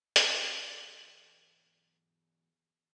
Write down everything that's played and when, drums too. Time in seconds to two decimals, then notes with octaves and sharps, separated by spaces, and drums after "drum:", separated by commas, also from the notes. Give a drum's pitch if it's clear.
0.16 E2 F#3, drum: hi-hat